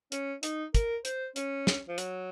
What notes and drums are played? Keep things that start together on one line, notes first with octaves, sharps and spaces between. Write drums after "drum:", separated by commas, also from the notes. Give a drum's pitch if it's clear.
C#4, drum: hi-hat
D#4, drum: hi-hat
A#4, drum: kick, hi-hat
C5, drum: hi-hat
C#4, drum: hi-hat
drum: snare
F3
F#3, drum: hi-hat